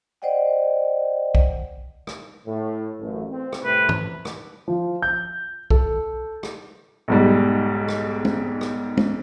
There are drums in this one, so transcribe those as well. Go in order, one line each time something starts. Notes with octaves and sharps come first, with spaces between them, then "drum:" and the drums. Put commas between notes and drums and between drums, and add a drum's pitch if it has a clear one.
C5 D5 D#5 F#5 G5
drum: kick B1
drum: rim click
A2
A1 F#2
C4
drum: rim click
C2 A2 C3 B4
drum: tom
drum: rim click
F3
G6
A4, drum: kick B1
drum: rim click
B1 G#2 G3
drum: rim click
drum: tom
drum: rim click
drum: tom